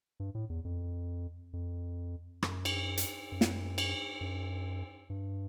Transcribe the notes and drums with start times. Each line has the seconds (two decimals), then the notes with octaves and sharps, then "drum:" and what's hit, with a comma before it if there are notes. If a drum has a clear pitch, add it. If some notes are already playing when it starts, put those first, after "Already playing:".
0.20 G2
0.35 A2
0.50 E2
0.65 F2
1.53 F2
2.43 F#2, drum: rim click
2.65 drum: cymbal
2.97 drum: hi-hat
3.32 F#2
3.41 drum: snare
3.78 drum: cymbal
4.21 F#2
5.10 G2